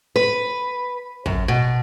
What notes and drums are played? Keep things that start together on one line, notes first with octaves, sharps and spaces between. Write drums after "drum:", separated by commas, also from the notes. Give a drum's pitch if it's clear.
B4
F#2, drum: kick
B2